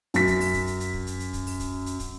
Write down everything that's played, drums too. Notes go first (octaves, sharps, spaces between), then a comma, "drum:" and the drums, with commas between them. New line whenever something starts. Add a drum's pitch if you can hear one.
F#2 B6, drum: hi-hat
drum: kick, hi-hat
drum: open hi-hat
drum: kick, hi-hat
drum: hi-hat
drum: hi-hat
drum: kick
drum: hi-hat
drum: hi-hat
drum: kick, hi-hat
drum: open hi-hat
drum: kick, hi-hat
drum: hi-hat
drum: kick, hi-hat